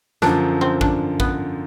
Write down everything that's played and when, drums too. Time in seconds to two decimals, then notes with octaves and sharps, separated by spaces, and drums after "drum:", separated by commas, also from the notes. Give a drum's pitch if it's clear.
0.22 F#2 D3 F3 D4, drum: snare
0.61 C4
0.81 D4, drum: kick
1.20 B3, drum: kick